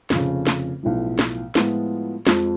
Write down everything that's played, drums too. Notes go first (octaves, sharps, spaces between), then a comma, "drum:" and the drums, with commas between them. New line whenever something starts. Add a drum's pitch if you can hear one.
F1 F2 C#3, drum: snare
drum: snare
B1 A2 F3
drum: snare
A2 F3 G#3 B3 F4, drum: snare
F2 F3 G#3, drum: snare